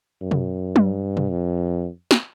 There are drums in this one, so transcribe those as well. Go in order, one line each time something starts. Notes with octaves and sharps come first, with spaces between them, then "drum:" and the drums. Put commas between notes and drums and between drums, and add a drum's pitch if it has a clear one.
F#2
drum: tom B2
G2, drum: tom F#3
drum: tom B2
F2
drum: snare